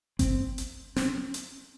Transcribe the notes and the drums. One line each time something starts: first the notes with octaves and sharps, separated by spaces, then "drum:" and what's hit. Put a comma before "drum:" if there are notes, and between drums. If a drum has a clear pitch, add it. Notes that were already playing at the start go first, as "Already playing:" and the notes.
C4, drum: kick G1, hi-hat
drum: hi-hat
C4, drum: snare
C#4
drum: hi-hat